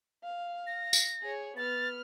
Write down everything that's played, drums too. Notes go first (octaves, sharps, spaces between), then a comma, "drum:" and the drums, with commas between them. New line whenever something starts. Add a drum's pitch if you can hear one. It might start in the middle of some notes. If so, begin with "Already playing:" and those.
F5
A#6
drum: tambourine
G#4 C#5
B3 F6 A6